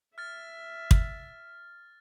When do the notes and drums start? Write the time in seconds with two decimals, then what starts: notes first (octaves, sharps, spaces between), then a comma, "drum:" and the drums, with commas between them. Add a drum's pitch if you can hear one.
0.18 E5 F6 A6
0.91 drum: kick